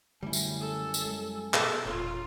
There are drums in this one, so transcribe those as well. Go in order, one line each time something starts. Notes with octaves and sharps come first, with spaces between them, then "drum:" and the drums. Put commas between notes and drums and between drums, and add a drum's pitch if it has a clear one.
F#2 D3 G3 A3 E4 G#5
drum: tambourine
A4
drum: tambourine
G#3
B2 A4 A#5, drum: clap
E1 A#2 D4 F4 C#5 C6